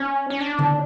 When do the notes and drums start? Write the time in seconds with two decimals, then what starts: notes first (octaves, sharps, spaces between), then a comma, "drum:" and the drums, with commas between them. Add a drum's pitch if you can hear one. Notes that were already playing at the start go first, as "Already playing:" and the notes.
Already playing: C#4
0.30 C#4
0.40 D4
0.59 drum: tom D3